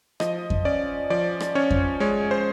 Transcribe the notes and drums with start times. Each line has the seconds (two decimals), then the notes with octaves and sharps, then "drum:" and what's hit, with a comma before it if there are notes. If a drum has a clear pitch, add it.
0.20 F3 D#5, drum: rim click
0.50 drum: kick F2
0.65 C#4 D5
1.10 F3 D5
1.40 drum: rim click
1.55 C#4 C#5
1.71 drum: kick F2
2.00 G#3 C#5
2.31 C5